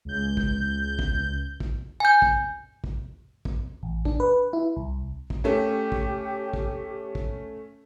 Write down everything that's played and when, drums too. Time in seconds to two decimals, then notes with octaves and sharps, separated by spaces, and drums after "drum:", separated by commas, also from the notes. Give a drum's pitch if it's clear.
0.05 C#2 G6
0.37 drum: kick
0.99 drum: kick
1.60 drum: kick
2.00 G#5 G6
2.22 drum: kick
2.84 drum: kick
3.45 drum: kick
3.83 A1
4.05 D4, drum: kick
4.20 B4
4.53 E4
4.76 C2
5.30 drum: kick
5.44 A3 C#4 G4
5.92 drum: kick
6.53 drum: kick
7.15 drum: kick